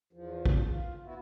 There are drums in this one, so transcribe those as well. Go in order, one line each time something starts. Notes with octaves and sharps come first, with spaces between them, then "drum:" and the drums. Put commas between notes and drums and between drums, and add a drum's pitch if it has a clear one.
E2 F3
drum: kick
F4
B3 E4 F#4